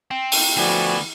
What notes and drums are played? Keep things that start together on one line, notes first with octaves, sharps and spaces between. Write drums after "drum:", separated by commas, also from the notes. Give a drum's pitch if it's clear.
C4 G5
drum: open hi-hat
D2 F3 A3 B3 E4 F#4 D5 G#5